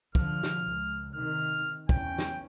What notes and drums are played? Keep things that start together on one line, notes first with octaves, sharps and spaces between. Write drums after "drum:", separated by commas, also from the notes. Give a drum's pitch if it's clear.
D3 F3 F6, drum: kick
drum: snare
C#2
C3 D#3 F6
E2 C#4 G5, drum: kick
drum: snare